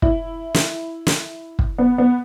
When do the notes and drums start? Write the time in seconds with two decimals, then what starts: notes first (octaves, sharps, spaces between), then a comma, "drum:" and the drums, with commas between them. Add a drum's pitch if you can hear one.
0.02 E4, drum: kick
0.54 drum: snare
1.07 drum: snare
1.59 drum: kick
1.78 B3
1.98 B3